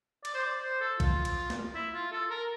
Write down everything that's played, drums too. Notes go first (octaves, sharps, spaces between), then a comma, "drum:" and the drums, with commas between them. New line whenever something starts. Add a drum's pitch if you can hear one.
D5, drum: cymbal
C5
D5
C5
A4
F4, drum: kick, cymbal
drum: cymbal
drum: snare
E4
F4
A4
A#4